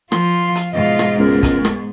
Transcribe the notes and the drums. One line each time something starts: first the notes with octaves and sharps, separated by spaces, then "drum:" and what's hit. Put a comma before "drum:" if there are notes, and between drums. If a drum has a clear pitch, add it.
F3 F4 C6, drum: rim click
drum: hi-hat
G#2 B2 E3 F4 D#5
drum: rim click
C#2 B3 A#4
drum: kick, hi-hat
drum: rim click